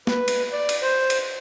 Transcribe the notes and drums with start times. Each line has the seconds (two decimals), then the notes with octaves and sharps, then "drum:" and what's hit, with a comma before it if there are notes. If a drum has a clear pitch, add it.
0.07 B4, drum: snare
0.28 drum: cymbal
0.53 D5
0.69 drum: cymbal
0.82 C5
1.10 drum: cymbal